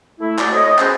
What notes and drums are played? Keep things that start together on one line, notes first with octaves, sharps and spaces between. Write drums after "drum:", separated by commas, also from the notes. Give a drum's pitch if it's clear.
A3 E4
F#4 D5, drum: clap
C4 A4 C#5 D#5
B3 C#4 G#4 A4 B4 C5, drum: clap